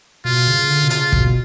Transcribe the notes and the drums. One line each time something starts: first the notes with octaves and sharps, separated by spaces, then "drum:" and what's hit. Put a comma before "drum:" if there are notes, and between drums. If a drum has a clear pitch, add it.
B2 F4
C#3
D3
B2
C#3 F4, drum: hi-hat
B2, drum: kick